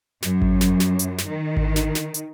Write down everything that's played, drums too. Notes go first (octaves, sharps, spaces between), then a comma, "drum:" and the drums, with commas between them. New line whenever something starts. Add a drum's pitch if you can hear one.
F#2, drum: snare
drum: kick G#1
drum: snare
drum: snare
drum: hi-hat
drum: snare
D#3
drum: kick G#1
drum: snare
drum: snare
drum: hi-hat